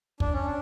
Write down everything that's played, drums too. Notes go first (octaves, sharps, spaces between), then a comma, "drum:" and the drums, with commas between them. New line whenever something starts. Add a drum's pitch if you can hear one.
D4, drum: kick
C#4
D4